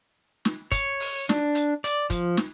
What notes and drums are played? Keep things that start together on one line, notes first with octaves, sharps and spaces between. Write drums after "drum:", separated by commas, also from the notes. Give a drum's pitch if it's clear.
drum: snare
C#5, drum: kick, hi-hat
drum: open hi-hat
D4, drum: snare
drum: hi-hat
D5, drum: hi-hat
F3, drum: kick, hi-hat
drum: snare